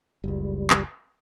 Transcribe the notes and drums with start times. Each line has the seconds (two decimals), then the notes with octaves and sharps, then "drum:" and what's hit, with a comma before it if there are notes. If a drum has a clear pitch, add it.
0.24 F#1 C#2 G3
0.70 drum: clap